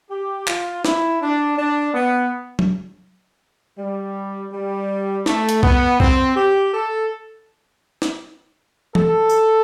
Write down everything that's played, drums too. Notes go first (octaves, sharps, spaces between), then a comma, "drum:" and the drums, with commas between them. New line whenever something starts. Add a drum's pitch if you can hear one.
G4
F4, drum: clap
E4, drum: snare
D4
D4
B3
drum: tom F#3
G3
G3
A3, drum: snare
drum: hi-hat
B3, drum: kick C2
C4, drum: kick C2
G4
A4
drum: snare
A4, drum: tom
drum: tambourine